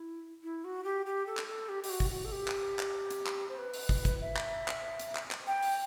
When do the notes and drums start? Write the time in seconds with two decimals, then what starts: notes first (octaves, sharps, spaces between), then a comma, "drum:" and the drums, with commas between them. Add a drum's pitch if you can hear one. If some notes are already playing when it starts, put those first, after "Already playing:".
Already playing: E4
0.43 E4
0.64 F#4
0.84 G4
1.06 G4
1.27 A4
1.37 drum: clap
1.48 A4
1.69 G4
1.84 G4, drum: open hi-hat
1.90 F#4
2.00 drum: kick
2.10 F#4
2.25 A4
2.32 G4
2.48 drum: clap
2.79 drum: clap
3.11 drum: hi-hat
3.26 drum: clap
3.49 C5
3.58 B4
3.74 drum: open hi-hat
3.89 drum: kick
4.05 drum: kick, hi-hat
4.21 E5
4.36 drum: clap
4.68 drum: clap
4.99 drum: hi-hat
5.15 drum: clap
5.31 drum: clap
5.47 G5
5.62 drum: open hi-hat